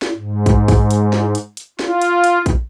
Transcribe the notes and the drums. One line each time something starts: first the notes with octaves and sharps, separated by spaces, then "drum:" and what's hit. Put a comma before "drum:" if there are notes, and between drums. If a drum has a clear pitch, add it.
drum: snare
G#2
drum: kick, hi-hat
drum: kick, open hi-hat
drum: hi-hat
drum: snare
drum: hi-hat
drum: hi-hat
F4, drum: snare
drum: hi-hat
drum: hi-hat
drum: kick, hi-hat